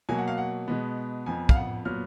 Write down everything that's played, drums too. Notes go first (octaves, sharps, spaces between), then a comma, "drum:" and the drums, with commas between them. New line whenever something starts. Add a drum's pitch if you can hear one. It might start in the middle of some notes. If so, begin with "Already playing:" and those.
B2 F#3 A#3 G#5
F#5
F5
F#5
B2 G#3 B3
F2 F3 B3 G#5
F5, drum: kick
F#5
A#2 F#3 B3 F6